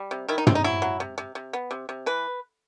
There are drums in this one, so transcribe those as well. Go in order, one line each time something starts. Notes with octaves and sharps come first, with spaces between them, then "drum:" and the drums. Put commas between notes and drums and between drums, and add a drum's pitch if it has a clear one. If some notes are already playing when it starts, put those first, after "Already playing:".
Already playing: G3
C3
D#3 E4
D#4
C3 C4, drum: tom
D#4
F#3 E4
F#3
C3
C3
C3
B3
C3
C3
E3 B4